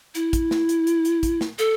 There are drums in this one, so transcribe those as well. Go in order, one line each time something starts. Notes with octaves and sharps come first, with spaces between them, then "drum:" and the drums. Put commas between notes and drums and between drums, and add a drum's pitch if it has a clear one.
E4, drum: hi-hat
drum: kick, hi-hat
drum: snare
drum: hi-hat
drum: hi-hat
drum: hi-hat
drum: kick, hi-hat
drum: snare
A4, drum: hi-hat